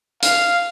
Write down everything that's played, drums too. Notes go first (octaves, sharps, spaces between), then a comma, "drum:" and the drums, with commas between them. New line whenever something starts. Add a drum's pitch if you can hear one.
F5, drum: hi-hat